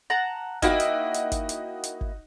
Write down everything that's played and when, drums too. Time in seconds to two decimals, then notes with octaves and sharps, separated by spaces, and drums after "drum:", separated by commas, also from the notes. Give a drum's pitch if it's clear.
0.10 F#5 A5 A#5
0.62 A#3 D#4 E4 F#4 D#5 G5, drum: kick G1, hi-hat
0.80 drum: hi-hat
1.14 drum: hi-hat
1.32 drum: kick G1, hi-hat
1.49 drum: hi-hat
1.84 drum: hi-hat
2.01 drum: kick G1